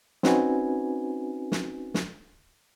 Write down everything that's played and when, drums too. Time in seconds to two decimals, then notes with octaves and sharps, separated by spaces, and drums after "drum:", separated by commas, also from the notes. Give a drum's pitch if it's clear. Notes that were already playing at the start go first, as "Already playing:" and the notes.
0.23 C4 C#4 D#4 F#4 B4 G#5, drum: snare
1.52 drum: snare
1.94 drum: snare